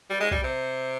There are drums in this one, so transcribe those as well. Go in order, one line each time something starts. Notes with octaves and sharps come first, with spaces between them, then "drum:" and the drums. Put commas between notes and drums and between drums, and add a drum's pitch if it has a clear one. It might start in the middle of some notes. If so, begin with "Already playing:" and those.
G3
G#3
G3, drum: kick
C3